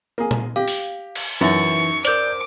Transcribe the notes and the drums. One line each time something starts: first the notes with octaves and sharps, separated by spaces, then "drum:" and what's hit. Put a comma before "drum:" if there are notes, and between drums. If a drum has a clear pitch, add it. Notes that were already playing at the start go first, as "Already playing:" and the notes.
A#3 G#4
drum: tom A#2
G4 F5
drum: open hi-hat
drum: cymbal
F#2 E3 D#4 E5 C#6 A6
A#4 C5 D5 D6 G6, drum: hi-hat